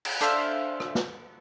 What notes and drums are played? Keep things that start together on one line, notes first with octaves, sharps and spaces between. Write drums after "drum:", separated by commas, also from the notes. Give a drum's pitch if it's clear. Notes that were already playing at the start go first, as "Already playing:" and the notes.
drum: cymbal
D4 A4 C5 E5 F5, drum: hi-hat
drum: rim click
drum: snare